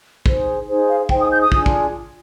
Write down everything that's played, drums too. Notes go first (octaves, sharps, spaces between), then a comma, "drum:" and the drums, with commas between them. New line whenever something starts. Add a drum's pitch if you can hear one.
D#4 G#4 C5, drum: kick
D#4 G#4 C5
F5
D#4 G#4 C5 G5, drum: kick
D#6
G6
D#6
D4 F4 G#4, drum: kick
drum: kick